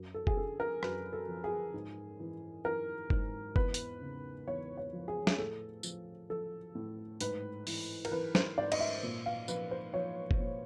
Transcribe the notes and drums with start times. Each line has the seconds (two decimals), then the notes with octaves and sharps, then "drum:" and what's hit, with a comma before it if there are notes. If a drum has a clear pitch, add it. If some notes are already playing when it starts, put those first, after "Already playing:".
Already playing: F#2
0.14 A4
0.27 G#4, drum: kick F#1
0.37 D3 A4
0.60 A#4
0.83 F#2 B4, drum: rim click
1.13 A4
1.28 F3
1.44 G#4
1.74 G#2
2.20 E3
2.65 E3 A#4
3.10 G#2, drum: kick F#1
3.56 E2 B4, drum: kick F#1
3.74 drum: hi-hat
4.01 C#3
4.47 E2 C#5
4.77 C#5
4.93 F3
5.08 G#4
5.27 G#4, drum: snare
5.38 A2 A4
5.83 F3, drum: tambourine
6.29 F3 A4
6.75 A2
7.21 G#2 B4, drum: hi-hat
7.67 E3, drum: open hi-hat
8.05 A#4, drum: cymbal
8.12 E3 B4
8.35 C5, drum: snare
8.58 G#2 D5
8.72 D#5, drum: cymbal
8.80 E5
9.03 A#2
9.26 F5
9.48 F3 B4, drum: tambourine
9.71 C5
9.94 F3 C#5
10.31 drum: kick F#1
10.40 A#2